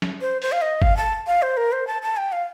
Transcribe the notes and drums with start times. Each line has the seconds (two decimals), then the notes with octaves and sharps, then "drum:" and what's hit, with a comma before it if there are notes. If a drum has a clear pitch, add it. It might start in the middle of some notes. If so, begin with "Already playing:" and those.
0.02 drum: snare
0.21 C5
0.42 C5, drum: open hi-hat
0.52 F5
0.62 D#5
0.82 F5, drum: kick F#1
0.97 A5
1.27 F5
1.42 C5
1.57 A#4
1.72 C5
1.87 A5
2.02 A5
2.17 G5
2.32 F5